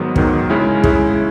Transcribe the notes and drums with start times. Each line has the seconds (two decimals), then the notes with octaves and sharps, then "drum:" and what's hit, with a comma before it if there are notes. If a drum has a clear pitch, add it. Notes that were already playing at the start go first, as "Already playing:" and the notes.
Already playing: G#2 D#3 F#3 B3
0.16 G#2 D#3 F#3 B3, drum: kick
0.50 C#3 G#3 C#4 E4
0.84 C#3 G#3 C#4 E4, drum: kick